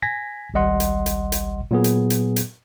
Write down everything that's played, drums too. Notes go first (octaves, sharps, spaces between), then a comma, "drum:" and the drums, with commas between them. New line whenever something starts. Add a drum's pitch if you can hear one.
G#5 G#6 A#6 B6
G#1 C#2 G3 D#5 F#5 C6
drum: hi-hat
drum: hi-hat
drum: hi-hat
A#2 F#3 B3 G#4
drum: hi-hat
drum: hi-hat
drum: hi-hat